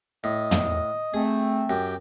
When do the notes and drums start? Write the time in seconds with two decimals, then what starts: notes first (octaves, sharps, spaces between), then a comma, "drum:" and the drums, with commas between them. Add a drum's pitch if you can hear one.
0.24 A2 D#5
0.51 drum: tom
1.14 A3 C4 G#4
1.70 F#2 G4 G5